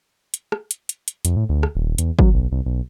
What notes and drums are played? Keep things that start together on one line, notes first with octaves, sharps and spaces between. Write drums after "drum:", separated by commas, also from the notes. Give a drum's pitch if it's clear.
drum: hi-hat
drum: rim click
drum: hi-hat
drum: hi-hat
drum: hi-hat
F2, drum: hi-hat
A2
D2
drum: rim click
D#1
E2, drum: hi-hat
F#3, drum: kick
B1
C2
B1